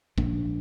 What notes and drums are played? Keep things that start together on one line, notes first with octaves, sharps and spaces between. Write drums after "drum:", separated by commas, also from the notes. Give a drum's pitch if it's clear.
A#2 F3 A#3 D4, drum: kick